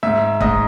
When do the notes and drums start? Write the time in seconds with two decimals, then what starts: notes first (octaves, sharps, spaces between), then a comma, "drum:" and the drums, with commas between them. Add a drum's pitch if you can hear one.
0.03 G#2 E5
0.41 G#2 D#5, drum: kick